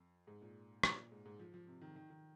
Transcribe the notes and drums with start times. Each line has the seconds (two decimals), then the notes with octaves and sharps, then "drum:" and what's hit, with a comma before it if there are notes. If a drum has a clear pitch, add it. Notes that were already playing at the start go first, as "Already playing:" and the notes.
Already playing: F2
0.27 G#2
0.41 A#2
0.83 A#2, drum: rim click
1.12 G#2
1.25 G#2
1.40 F3
1.54 F3
1.67 C3
1.81 D#3
1.96 D#3
2.10 D#3